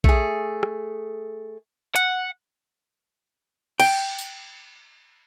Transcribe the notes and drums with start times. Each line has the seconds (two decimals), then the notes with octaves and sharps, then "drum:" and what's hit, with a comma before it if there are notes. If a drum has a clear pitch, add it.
0.04 A3 G#4, drum: kick A#1
0.63 drum: rim click
1.96 F#5, drum: hi-hat
3.80 G5, drum: cymbal
4.18 drum: tambourine